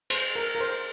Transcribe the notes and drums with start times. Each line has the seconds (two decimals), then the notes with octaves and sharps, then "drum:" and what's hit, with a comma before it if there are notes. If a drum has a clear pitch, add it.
0.10 C5, drum: cymbal
0.36 A#4
0.55 A#4
0.61 C5